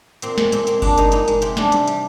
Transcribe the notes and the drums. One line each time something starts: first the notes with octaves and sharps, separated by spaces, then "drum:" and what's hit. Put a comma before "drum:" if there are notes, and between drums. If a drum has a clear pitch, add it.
A#2 C4, drum: hi-hat
G#3, drum: snare
A#2 C4, drum: hi-hat
G#3 C4, drum: hi-hat
A#2 D4, drum: kick G1, open hi-hat
G#3 D#4, drum: hi-hat
A#2 D#4, drum: hi-hat
G#3, drum: hi-hat
C3 C4, drum: hi-hat
G3 D4, drum: snare
C3, drum: hi-hat
G3, drum: hi-hat